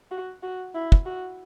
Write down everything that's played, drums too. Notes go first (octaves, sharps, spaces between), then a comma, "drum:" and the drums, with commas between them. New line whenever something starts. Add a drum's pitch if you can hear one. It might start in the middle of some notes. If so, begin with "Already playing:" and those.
F#4
F#4
E4
drum: kick
F#4